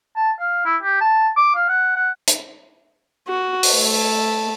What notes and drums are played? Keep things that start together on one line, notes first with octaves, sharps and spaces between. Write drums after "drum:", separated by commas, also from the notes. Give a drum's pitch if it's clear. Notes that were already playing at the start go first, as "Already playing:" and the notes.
A5
F5
E4
G4
A5
D6
F5
F#5
F#5
drum: hi-hat
F#4
drum: open hi-hat
A3 A5